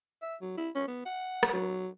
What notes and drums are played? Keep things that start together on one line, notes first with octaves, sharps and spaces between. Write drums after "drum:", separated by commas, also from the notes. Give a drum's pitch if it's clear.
E5
F#3
E4
C#4
B3
F#5
drum: rim click
F#3